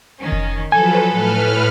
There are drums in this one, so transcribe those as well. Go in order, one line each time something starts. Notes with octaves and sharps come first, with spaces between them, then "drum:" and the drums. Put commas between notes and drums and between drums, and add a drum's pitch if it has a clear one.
D#3 C#4
drum: kick F1
F3 F#3 A4 B4 G#5
A2 B4 F6